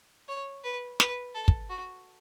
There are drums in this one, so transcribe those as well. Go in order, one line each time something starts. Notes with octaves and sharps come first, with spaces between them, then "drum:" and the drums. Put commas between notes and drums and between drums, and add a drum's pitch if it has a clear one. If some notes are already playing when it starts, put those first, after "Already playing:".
C#5
B4
B4, drum: snare
A4
drum: kick
F#4